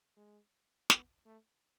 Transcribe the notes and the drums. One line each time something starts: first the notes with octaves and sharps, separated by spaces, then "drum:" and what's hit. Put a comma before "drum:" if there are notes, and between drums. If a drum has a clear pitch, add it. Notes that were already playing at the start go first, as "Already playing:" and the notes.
G#3
B3, drum: snare
A3